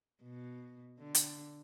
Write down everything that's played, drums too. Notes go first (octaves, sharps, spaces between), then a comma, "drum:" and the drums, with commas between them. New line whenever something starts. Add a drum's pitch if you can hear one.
B2
D3
drum: hi-hat